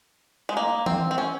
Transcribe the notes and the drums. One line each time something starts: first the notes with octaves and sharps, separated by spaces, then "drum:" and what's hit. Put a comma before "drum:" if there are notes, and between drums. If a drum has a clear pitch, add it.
G#3
A#3
C4, drum: tom E3
C4
C#4